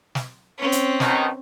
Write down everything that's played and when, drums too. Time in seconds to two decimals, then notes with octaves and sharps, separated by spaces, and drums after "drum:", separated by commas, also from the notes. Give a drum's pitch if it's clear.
0.15 drum: snare
0.58 C4 C#4
0.72 drum: hi-hat
1.00 B2 D#3 D#4, drum: snare